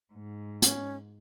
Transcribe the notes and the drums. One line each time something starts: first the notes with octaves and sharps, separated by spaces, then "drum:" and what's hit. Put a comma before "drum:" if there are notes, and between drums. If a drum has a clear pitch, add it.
G#2
C#4, drum: hi-hat